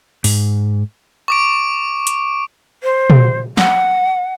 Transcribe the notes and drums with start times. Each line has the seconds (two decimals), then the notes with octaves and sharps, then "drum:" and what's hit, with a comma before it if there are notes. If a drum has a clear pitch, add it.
0.24 G#2, drum: open hi-hat
1.28 C#6 D6 D7
2.07 drum: hi-hat
2.83 C5
3.10 drum: tom
3.57 F#5, drum: snare